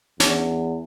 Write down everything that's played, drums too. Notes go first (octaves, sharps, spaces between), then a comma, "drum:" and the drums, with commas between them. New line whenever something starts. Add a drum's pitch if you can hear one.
E2 C#4 D4 C#5, drum: snare